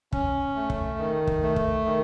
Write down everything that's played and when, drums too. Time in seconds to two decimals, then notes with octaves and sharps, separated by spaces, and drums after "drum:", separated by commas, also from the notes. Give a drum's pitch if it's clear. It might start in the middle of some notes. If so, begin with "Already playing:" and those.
0.13 C#4, drum: kick
0.56 A3
0.70 drum: kick
0.98 D#3
1.27 drum: kick
1.42 A3
1.56 drum: kick
1.86 D#3